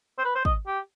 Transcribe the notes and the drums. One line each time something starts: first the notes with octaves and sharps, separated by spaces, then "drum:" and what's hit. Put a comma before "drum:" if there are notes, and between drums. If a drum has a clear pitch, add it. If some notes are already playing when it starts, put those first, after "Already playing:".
C5
B4
C5
D#5, drum: kick
G4